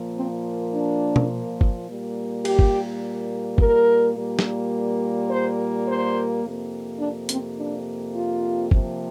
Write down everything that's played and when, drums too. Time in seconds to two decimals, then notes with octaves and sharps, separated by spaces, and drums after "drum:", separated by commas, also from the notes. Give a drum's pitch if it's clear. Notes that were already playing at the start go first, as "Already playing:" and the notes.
Already playing: A#2 F3 A#3
0.17 C4
0.73 D4
1.16 drum: tom B2
1.61 drum: kick G1
1.88 A#2 G3 A#3
2.45 G4, drum: cymbal
2.59 drum: kick G1
3.58 A#4, drum: kick G1
4.15 A#2 G3 A#3
4.39 drum: snare
5.29 C5
5.87 C5
6.43 F2 C3 A#3
7.00 D4
7.29 C4, drum: hi-hat
7.57 D4
8.15 F4
8.71 C3 F3 A#3, drum: kick G1